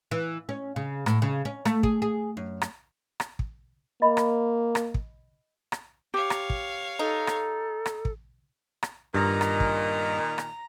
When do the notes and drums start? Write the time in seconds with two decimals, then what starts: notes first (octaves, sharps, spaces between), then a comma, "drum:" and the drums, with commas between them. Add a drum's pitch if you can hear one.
0.11 E3
0.49 C#4
0.76 C#3
1.06 A2, drum: rim click
1.22 C#3
1.45 C#4
1.65 A3, drum: rim click
1.83 G#4, drum: kick
2.02 G#4
2.37 F#2
2.61 drum: rim click
3.20 drum: rim click
3.39 drum: kick
4.02 A#3 D#5 B5
4.17 drum: rim click
4.75 drum: rim click
4.94 drum: kick
5.72 drum: rim click
6.14 G4 C#5 F5
6.30 drum: rim click
6.50 drum: kick
6.99 D#4 A4
7.27 drum: rim click
7.86 drum: rim click
8.05 drum: kick
8.83 drum: rim click
9.14 G2 A#2 D#3 A#5
9.41 drum: rim click
9.60 drum: kick
10.38 drum: rim click